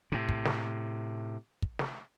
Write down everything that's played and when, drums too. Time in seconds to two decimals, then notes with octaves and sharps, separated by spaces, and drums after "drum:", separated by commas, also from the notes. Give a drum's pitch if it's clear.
0.12 A2 C3
0.29 drum: kick
0.45 drum: snare
1.62 drum: kick
1.79 drum: snare